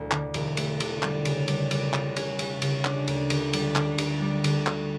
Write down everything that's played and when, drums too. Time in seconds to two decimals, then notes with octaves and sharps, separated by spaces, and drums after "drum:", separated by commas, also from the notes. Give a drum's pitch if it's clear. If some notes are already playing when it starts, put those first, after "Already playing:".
Already playing: E1 D2
0.11 D3, drum: clap
0.34 E1, drum: cymbal
0.57 A3, drum: cymbal
0.80 D3, drum: cymbal
1.03 G3, drum: clap
1.25 C#3, drum: cymbal
1.48 G3, drum: cymbal
1.71 G3, drum: cymbal
1.94 C#3, drum: clap
2.16 C#4, drum: cymbal
2.39 C#3, drum: cymbal
2.62 C#3, drum: cymbal
2.85 D4, drum: clap
3.08 D2, drum: cymbal
3.30 D3, drum: cymbal
3.53 G3, drum: cymbal
3.76 D3, drum: clap
3.98 D2, drum: cymbal
4.21 G3
4.44 D3, drum: cymbal
4.67 F#4, drum: clap